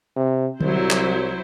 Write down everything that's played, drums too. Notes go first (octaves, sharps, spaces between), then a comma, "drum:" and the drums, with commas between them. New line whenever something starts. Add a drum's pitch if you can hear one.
C3
C2 F#3 E4 C5, drum: tom D3
drum: clap